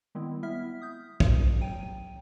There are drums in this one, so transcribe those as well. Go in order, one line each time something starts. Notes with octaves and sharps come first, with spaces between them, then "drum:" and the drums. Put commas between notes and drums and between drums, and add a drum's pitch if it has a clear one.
D#3 G3 G#3 B3 C4 E4
B3 E4 E5 F6 B6
D#6 G6
drum: kick
F#3 G5 D#7